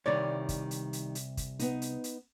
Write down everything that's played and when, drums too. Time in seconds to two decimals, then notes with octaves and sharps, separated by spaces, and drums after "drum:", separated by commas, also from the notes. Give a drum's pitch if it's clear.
0.06 C2 D#3 G3 C#5 D5
0.49 drum: kick, hi-hat
0.71 drum: hi-hat
0.93 drum: hi-hat
1.15 drum: hi-hat
1.37 drum: kick, hi-hat
1.59 B3 D#4, drum: hi-hat
1.82 drum: hi-hat
2.04 drum: hi-hat